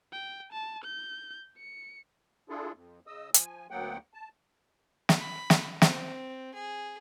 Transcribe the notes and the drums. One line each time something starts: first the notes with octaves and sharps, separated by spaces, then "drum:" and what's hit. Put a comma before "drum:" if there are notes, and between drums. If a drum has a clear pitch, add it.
G5
A5
G6
C#7
D4 E4 F4 G#4 A4
F2
C#3 D#5 D#6 E6
F3 G#5, drum: hi-hat
D2 F#3 A#3 B3 F#5 G5
A5
drum: snare
B5
drum: snare
C4, drum: snare
G#4